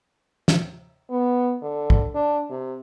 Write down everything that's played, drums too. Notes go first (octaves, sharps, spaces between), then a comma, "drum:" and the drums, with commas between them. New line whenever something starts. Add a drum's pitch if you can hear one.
drum: snare
B3
D3
drum: kick
D4
C3